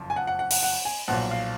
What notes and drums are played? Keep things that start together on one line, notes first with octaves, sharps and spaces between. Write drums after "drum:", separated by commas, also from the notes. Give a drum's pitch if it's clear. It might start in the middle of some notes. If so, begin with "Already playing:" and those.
Already playing: F#1 F2 F3
G#5
F#5
F#5
F#5
F#5, drum: open hi-hat
F#5
G#5
B1 A#2 F3 F#5
F5